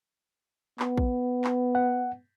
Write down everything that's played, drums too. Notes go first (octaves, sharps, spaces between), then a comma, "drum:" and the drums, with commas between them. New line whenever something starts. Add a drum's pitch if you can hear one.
B3, drum: clap
drum: kick
drum: clap
F#5